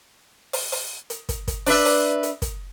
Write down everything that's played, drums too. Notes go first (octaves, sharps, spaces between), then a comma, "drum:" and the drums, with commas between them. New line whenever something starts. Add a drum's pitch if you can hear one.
drum: open hi-hat
drum: open hi-hat
drum: hi-hat
drum: kick, hi-hat
drum: kick, hi-hat
D4 B4 E5, drum: open hi-hat
drum: open hi-hat
drum: hi-hat
drum: kick, hi-hat